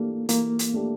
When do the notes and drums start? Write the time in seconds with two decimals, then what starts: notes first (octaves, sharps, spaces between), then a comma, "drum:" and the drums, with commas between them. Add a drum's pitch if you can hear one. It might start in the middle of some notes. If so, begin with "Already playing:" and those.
Already playing: E3 A3 A#3 D4 G4
0.29 E3 A#3, drum: hi-hat
0.59 drum: hi-hat
0.74 A3 D4 G4